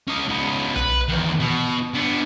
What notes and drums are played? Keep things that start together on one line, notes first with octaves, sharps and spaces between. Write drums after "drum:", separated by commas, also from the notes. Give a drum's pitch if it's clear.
C#4 D#5
C#2 B3
B4, drum: tom B1
E2 D#3
B2
D3 B3